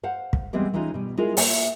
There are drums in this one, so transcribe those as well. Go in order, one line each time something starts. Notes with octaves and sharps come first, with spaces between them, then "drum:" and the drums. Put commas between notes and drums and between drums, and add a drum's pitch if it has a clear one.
C5 F5 F#5
drum: kick
E3 G3 G#3 B3 C4
E3 G#3 C#4 D#4 F4
B2 G3
G#3 E4 F4 G#4 A#4
A#3 E5, drum: open hi-hat